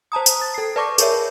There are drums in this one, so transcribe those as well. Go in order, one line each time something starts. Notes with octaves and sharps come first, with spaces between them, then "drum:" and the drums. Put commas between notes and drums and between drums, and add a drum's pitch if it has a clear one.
C5 A5 A#5 D#6
drum: tambourine
A6
A4 C7
B4 D5 A5 C#6 D6
G#4 A#4 C#5 E5, drum: tambourine